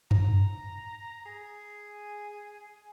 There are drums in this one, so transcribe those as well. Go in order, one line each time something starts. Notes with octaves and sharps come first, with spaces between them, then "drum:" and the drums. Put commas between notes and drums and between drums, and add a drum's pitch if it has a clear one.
A#5, drum: tom F#2
G#4